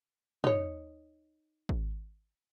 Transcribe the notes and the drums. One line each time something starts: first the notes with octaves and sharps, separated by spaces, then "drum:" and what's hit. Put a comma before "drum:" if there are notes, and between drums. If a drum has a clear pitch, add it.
D#4 C#5, drum: tom
drum: kick G#1